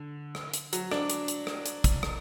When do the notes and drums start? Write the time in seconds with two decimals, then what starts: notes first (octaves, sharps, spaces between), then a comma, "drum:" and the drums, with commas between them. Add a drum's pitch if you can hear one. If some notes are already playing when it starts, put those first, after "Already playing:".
Already playing: D3
0.35 drum: rim click
0.54 drum: hi-hat
0.73 F#3, drum: hi-hat
0.91 D4, drum: rim click
1.10 drum: hi-hat
1.28 drum: hi-hat
1.47 drum: rim click
1.66 drum: hi-hat
1.84 drum: kick, hi-hat
2.03 drum: rim click